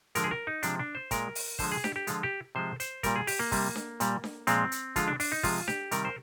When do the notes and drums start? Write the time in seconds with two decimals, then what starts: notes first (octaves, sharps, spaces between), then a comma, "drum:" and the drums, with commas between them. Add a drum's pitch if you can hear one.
0.15 D3 F3 G#3 A#4, drum: hi-hat
0.24 G#4
0.31 A#4
0.47 D#4
0.63 C3 F3 G#3 D4, drum: hi-hat
0.79 D4
0.95 C5
1.11 A#2 G#3 A#4, drum: kick, hi-hat
1.35 drum: open hi-hat
1.59 D3 F3 G#3 C5, drum: kick, open hi-hat
1.72 G#4
1.84 G4, drum: snare D4
1.96 G4
2.07 D3 F3 G#3 F4, drum: hi-hat
2.23 G4
2.55 C3 F3 G#3 C5
2.80 C5, drum: hi-hat
3.03 A#2 G3 A#4, drum: kick, hi-hat
3.16 G#4
3.27 G4, drum: open hi-hat
3.39 A#3
3.52 C3 G3, drum: kick, open hi-hat
3.76 drum: snare D4
4.00 A#2 G3, drum: hi-hat
4.24 drum: snare D4
4.47 A#2 F3 G#3 C4, drum: hi-hat
4.72 drum: hi-hat
4.96 D3 F3 G#3 F4, drum: kick, hi-hat
5.08 D4
5.20 D4, drum: open hi-hat
5.32 D#4
5.43 C3 F3 G#3 F4, drum: kick, open hi-hat
5.68 G4, drum: snare D4
5.91 C3 D#3 G3 A#4, drum: hi-hat
6.05 C5